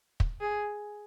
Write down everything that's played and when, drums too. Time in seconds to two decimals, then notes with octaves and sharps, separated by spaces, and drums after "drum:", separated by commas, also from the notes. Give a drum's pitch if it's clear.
0.20 drum: kick
0.40 G#4